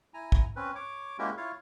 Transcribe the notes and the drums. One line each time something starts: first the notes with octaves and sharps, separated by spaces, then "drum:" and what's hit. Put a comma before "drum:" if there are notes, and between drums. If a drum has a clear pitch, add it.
E4 G#5 A#5
drum: kick
C4 C#4 B4
C#5 D6
G#3 A#3 C#4 E4 F#4 G4
E4 F4 C#5 F5